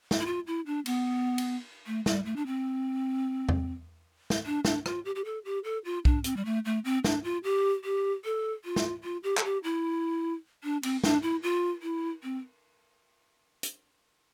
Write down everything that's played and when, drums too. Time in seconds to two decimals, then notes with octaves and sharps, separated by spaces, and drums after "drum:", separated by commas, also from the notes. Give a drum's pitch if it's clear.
0.11 drum: snare
0.20 E4
0.26 F4
0.47 E4
0.66 D4
0.86 B3, drum: cymbal
1.38 drum: cymbal
1.87 A3
2.06 G3, drum: snare
2.26 A3
2.36 D4
2.46 C4
3.49 drum: tom E2
4.30 drum: snare
4.46 D4
4.65 D4, drum: snare
4.86 F4, drum: rim click
5.05 G4
5.15 G4
5.25 A4
5.45 G4
5.64 A4
5.85 F4
6.05 D4, drum: kick
6.24 C4, drum: hi-hat
6.36 G3
6.45 A3
6.65 A3
6.85 C4
7.04 D4, drum: snare
7.24 F4
7.44 G4
7.84 G4
8.25 A4
8.65 F4
8.76 drum: snare
9.04 F4
9.24 G4
9.37 A4, drum: clap
9.44 G4
9.64 E4
10.64 D4
10.83 C4, drum: cymbal
11.04 D4, drum: snare
11.23 E4
11.43 F4
11.82 E4
12.23 C4
13.63 drum: hi-hat